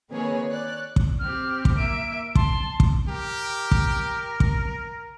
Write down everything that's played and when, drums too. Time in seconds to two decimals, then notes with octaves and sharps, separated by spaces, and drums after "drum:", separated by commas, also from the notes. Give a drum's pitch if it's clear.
0.11 D#3 A#3 C4 G#4 B4 C#5
0.50 C#5 D5 F#6
0.96 drum: kick
1.19 C4 G4 F6
1.65 drum: kick
1.77 A#3 E5 D7
2.35 A5 C6, drum: kick
2.80 drum: kick
3.08 G4 A#4
3.71 drum: kick
4.40 drum: kick